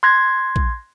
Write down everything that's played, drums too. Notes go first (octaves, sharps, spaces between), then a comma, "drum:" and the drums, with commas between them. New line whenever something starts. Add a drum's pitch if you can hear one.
C6 F#6 G#6 A#6
drum: kick A#1